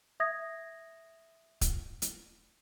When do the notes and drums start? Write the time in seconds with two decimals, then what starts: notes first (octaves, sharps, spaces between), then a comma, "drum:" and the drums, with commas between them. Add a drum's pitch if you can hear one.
0.20 E5 D#6 G#6 A#6
1.61 drum: kick, hi-hat
2.02 drum: hi-hat